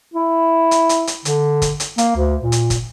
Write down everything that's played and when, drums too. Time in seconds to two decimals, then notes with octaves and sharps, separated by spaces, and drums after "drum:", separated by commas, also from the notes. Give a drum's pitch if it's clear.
0.14 E4
0.71 drum: hi-hat
0.89 drum: hi-hat
1.07 drum: hi-hat
1.25 D3, drum: hi-hat
1.62 drum: kick, hi-hat
1.80 drum: hi-hat
1.98 A#3, drum: hi-hat
2.16 D2
2.42 A#2
2.52 drum: hi-hat
2.70 drum: kick, hi-hat